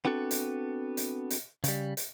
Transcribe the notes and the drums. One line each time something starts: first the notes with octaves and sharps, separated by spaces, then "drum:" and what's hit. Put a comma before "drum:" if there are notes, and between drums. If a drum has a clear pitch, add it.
B3 C4 D4 F#4 A4
drum: hi-hat
drum: hi-hat
drum: hi-hat
C#3 G3, drum: hi-hat
drum: hi-hat